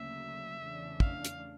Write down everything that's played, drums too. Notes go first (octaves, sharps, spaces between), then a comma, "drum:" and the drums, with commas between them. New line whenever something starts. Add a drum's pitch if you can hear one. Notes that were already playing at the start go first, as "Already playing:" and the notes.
Already playing: D2 C#3 F#3 A#3 E5
E2 C#3 E3 A3 D4
F5, drum: kick
drum: hi-hat